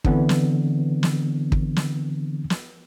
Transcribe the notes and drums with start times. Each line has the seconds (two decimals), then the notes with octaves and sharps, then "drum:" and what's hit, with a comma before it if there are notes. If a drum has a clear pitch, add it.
0.05 D3 E3 B3 C4 D4, drum: kick
0.29 drum: snare
1.03 drum: snare
1.52 drum: kick
1.76 drum: snare
2.50 drum: snare